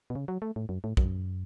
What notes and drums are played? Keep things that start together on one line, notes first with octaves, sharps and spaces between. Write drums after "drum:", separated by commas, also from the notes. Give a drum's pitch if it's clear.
B2
C#3
F#3
A3
A2
F#2
A2
F#2, drum: kick